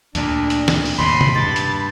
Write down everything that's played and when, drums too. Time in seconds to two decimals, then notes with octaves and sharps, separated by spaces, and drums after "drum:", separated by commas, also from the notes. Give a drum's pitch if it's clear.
0.15 D2 A#2 D4, drum: hi-hat
0.50 drum: hi-hat
0.68 drum: snare
0.85 drum: open hi-hat
0.98 D#2 A2 C3 B5 C6
1.21 drum: tom
1.35 G2 A6
1.56 drum: hi-hat